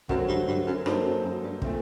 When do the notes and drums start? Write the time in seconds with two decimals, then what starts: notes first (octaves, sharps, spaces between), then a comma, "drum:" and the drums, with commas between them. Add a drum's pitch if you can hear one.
0.09 F#2 D3 F#3 A3 C4 F#4, drum: kick
0.28 G2
0.47 G2
0.67 F#2
0.86 G2 F#3 A#3 D#4 A4 C5, drum: rim click
1.04 F#2
1.24 F#2
1.43 G2
1.62 A#2 A3 C4, drum: kick